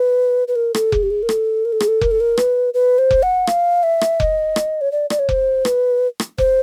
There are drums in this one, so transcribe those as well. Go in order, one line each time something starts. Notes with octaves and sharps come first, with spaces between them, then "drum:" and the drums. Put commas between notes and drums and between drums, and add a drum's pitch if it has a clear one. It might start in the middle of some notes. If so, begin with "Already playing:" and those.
Already playing: B4
B4
A#4
A4, drum: rim click
G#4, drum: kick F1
G4
G#4
A#4
A4, drum: rim click
A#4
A4
G#4, drum: rim click
A4
A#4, drum: kick F1
A4
A#4
B4, drum: rim click
B4
C5
drum: kick F1
F#5
F5, drum: rim click
E5
drum: rim click
D#5, drum: kick F1
drum: rim click
C#5
D5
D5, drum: rim click
C#5
C5, drum: kick F1
B4, drum: rim click
drum: rim click
C5, drum: kick F1